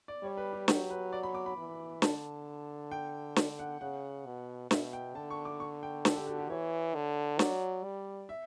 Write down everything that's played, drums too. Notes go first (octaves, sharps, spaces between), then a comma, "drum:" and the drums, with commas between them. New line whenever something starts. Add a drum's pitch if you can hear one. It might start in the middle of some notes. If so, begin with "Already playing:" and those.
D5
G3 C#5
B4
G4
F#3 G4, drum: snare
B4
D5
B5
D6
B5
E3
D3 A5, drum: snare
G5
drum: snare
F#5
C#3 F#5
B2
B2 E5, drum: snare
G5
D3 A5
C#6
D6
C#6
G5
A4, drum: snare
G4
F#4
G4
E3 C#5
D3
F#3 D5, drum: snare
G3
E5